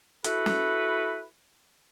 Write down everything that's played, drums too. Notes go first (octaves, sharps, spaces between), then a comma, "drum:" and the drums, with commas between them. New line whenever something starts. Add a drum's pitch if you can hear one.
E4 F#4 A4 B4, drum: hi-hat
drum: snare